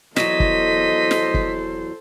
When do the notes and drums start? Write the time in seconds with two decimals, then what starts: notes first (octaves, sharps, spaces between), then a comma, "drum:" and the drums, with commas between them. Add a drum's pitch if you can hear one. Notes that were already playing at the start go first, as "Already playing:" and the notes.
0.16 E2 F#3 A4 C5 D#5 B6, drum: snare
0.40 drum: kick
1.11 drum: snare
1.34 drum: kick